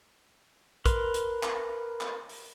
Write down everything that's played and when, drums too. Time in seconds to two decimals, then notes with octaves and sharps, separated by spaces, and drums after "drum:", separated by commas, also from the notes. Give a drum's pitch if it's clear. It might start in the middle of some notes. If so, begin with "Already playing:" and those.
0.86 A#4 B4 C6, drum: kick, hi-hat
1.14 drum: hi-hat
1.43 drum: clap
2.01 drum: clap
2.29 drum: open hi-hat